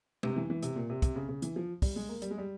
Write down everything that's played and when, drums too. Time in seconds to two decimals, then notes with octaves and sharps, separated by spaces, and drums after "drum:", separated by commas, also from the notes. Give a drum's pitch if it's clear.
0.23 C3, drum: tom G#3
0.36 E3
0.50 E3
0.62 C3, drum: hi-hat
0.76 A#2
0.90 C3
1.02 C3, drum: kick, hi-hat
1.16 C#3
1.29 C#3
1.42 E3, drum: hi-hat
1.56 F3
1.82 G3, drum: kick, open hi-hat
1.96 G#3
2.09 A#3
2.22 G3, drum: hi-hat
2.31 G#3
2.38 G3